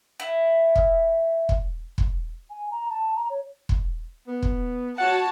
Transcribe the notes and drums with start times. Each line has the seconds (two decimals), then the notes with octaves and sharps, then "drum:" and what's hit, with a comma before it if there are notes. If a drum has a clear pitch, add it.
0.20 E4
0.76 drum: kick
1.49 drum: kick
1.98 drum: kick
2.50 G#5
2.71 A#5
2.90 A5
3.15 A#5
3.30 C#5
3.69 drum: kick
4.28 B3
4.43 drum: kick
4.98 F#4 C#5 F#5 A5